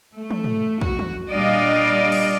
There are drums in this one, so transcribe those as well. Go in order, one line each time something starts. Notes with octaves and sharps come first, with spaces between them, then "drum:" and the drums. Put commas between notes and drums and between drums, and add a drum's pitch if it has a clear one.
A3
drum: tom
drum: tom
F#4, drum: kick
drum: tom
A#2 G3 D4 D5 D#5 F5
drum: cymbal